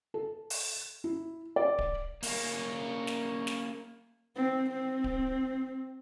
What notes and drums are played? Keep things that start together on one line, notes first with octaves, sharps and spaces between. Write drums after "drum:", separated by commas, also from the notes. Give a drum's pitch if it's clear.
A4
drum: open hi-hat
E4
D5
drum: kick D1
A#3 C#4, drum: open hi-hat
drum: snare
drum: snare
C4
C4
drum: kick D1